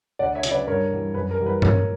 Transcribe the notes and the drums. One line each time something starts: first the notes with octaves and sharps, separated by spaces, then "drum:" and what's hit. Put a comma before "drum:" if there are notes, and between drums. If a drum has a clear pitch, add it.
D2 D5 F#5
C#5 E5
C#3 F#3, drum: hi-hat
B4 D5
G2 A#4 C#5
E3 G3
F#2 B4
A#4
E3 G3
B4
A#2 A#4 C#5, drum: tom G2